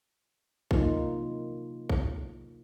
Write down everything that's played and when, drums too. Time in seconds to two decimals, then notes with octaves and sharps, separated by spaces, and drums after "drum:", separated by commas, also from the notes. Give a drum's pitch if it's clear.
0.71 C3 E3 F#3 A#3 D#4 F4, drum: kick
1.90 drum: kick